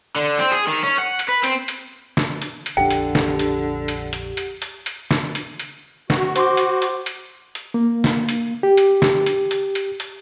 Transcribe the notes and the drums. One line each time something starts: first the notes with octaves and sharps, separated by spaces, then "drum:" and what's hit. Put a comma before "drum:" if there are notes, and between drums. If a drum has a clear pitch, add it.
D3
C4
G#4
D#3
C#4
F#5
drum: hi-hat
B4
C4, drum: hi-hat
drum: hi-hat
drum: snare
drum: hi-hat
drum: hi-hat
A#1 F2 D3 D4 G4 F#5 G5
drum: hi-hat
drum: snare
drum: hi-hat
drum: hi-hat
drum: hi-hat
drum: hi-hat
drum: hi-hat
drum: hi-hat
drum: snare
drum: hi-hat
drum: hi-hat
F#4, drum: snare
C5 C6 D6, drum: hi-hat
drum: hi-hat
drum: hi-hat
drum: hi-hat
drum: hi-hat
A#3
drum: snare
drum: hi-hat
G4
drum: hi-hat
drum: snare
drum: hi-hat
drum: hi-hat
drum: hi-hat
drum: hi-hat